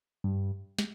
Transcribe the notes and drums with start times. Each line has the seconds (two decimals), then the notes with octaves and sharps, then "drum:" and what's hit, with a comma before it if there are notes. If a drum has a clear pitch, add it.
0.24 G2
0.79 drum: snare